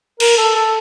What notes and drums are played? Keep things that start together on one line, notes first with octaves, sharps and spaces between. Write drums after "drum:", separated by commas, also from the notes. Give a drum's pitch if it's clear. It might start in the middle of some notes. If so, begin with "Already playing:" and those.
A#4, drum: cymbal
A4
A4